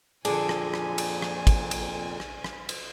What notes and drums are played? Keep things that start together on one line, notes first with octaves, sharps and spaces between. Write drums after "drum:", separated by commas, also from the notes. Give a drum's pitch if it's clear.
F2 A#2 D3 D4 G#4 G#5, drum: cymbal
drum: rim click
drum: rim click
drum: cymbal
drum: rim click
drum: kick, cymbal
drum: cymbal
drum: rim click
drum: rim click
drum: cymbal